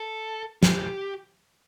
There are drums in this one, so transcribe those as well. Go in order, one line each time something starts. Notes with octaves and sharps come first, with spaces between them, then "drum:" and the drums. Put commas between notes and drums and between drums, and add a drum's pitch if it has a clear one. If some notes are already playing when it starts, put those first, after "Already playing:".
Already playing: A4
G4, drum: snare